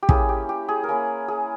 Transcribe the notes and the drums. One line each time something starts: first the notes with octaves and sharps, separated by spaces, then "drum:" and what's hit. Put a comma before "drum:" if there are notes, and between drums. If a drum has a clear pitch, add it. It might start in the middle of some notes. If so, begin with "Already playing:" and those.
G4
A#3 C#4 E4 G#4, drum: kick
G4
G4
G#4
A#4
A#3 C#4 E4 G#4
G#4